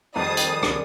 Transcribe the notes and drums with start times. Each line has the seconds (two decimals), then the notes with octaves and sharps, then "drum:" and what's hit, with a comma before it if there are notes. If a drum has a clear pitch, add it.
0.16 F2 D#3 G3 G#4 A5 D#6
0.37 drum: hi-hat
0.63 drum: rim click